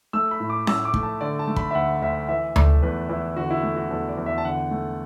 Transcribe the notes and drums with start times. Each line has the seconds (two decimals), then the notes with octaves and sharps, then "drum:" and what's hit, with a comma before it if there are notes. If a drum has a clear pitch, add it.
0.13 A3 E6
0.31 B5
0.40 A2
0.50 D6
0.67 A2 E6, drum: snare C#4
0.85 D6
0.94 A3, drum: kick
1.03 A5
1.21 D3 D5
1.39 A5
1.48 A3
1.56 B5, drum: kick
1.71 E5
1.75 D2 F#5
2.02 D2 E5
2.29 E3 E5
2.56 A3 D5, drum: tom D2
2.82 E2 B4
3.09 E2 E4
3.36 D3 F#4
3.51 E4
3.63 A3 F#4
3.77 F#4
3.91 E2 A4
4.09 D5
4.17 E2
4.26 E5
4.38 A5
4.45 D3 F#5
4.71 A3